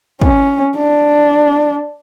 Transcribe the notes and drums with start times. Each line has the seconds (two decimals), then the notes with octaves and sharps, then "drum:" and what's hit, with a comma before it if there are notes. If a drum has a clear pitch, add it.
0.22 C#4, drum: kick
0.77 D4